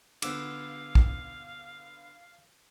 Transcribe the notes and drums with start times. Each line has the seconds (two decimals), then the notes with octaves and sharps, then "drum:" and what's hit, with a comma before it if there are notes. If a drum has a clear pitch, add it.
0.22 D3 B3 F5 D6 E6, drum: cymbal
0.95 drum: kick